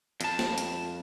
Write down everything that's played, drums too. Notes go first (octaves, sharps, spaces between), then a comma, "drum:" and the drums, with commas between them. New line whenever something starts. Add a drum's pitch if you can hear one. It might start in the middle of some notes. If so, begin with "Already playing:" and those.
F2 A5, drum: hi-hat
drum: snare
drum: hi-hat